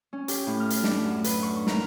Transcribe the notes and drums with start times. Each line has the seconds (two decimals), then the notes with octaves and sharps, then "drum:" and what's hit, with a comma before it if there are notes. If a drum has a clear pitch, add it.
0.13 C#4
0.28 G4, drum: hi-hat
0.47 A2
0.60 F6
0.70 drum: hi-hat
0.84 D4, drum: snare
1.05 F#2
1.24 B4, drum: hi-hat
1.43 C#6
1.67 A#4, drum: snare